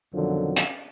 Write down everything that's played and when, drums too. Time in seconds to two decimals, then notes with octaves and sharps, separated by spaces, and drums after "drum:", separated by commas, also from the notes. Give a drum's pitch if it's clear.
0.14 F2 B2 D3 D#3 F3 F#3
0.56 drum: hi-hat